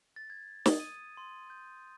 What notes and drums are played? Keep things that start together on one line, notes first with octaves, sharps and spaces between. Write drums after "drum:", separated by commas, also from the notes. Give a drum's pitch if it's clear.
A6
G#6
D#6, drum: snare
D#7
C6
G6